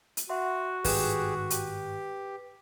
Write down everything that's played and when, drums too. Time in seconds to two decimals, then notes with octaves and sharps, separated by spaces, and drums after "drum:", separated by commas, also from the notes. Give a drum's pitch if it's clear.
0.17 drum: hi-hat
0.29 F#4 E5 F#5 C6
0.84 G#1 G2 G4 G#4 B4, drum: open hi-hat
1.50 G4, drum: hi-hat